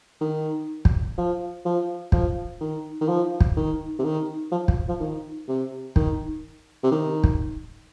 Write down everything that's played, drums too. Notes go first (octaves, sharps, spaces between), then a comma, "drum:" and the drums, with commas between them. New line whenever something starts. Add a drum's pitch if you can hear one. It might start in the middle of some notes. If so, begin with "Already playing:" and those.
D#3
drum: kick
F3
F3
F3, drum: kick
D#3
D#3
F3
drum: kick
D#3
C3
D#3
F3
drum: kick
F3
D#3
C3
D#3, drum: kick
C3
D#3
drum: kick